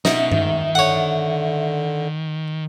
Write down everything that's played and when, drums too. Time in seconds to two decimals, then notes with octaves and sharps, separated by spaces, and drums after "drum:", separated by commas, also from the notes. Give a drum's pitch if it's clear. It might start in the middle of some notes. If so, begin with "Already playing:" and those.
0.05 B2 D#4 E5 F#5, drum: snare
0.32 G#2 D#3, drum: tom G2
0.75 D3 C#5 F#5